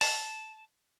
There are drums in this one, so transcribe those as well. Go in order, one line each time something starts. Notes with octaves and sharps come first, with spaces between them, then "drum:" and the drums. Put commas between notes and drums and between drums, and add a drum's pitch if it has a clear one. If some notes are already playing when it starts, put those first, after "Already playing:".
A5, drum: open hi-hat